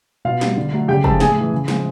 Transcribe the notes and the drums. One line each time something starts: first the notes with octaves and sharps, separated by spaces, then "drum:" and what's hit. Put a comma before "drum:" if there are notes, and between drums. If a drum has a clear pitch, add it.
B2 F4 F5
G3, drum: snare
D3
F#3 A3
C#3 G4 G5
F3 G#3 A4 A5, drum: kick
A2 G#4 G#5, drum: snare
E3 A3
C#3
F3 G#3, drum: snare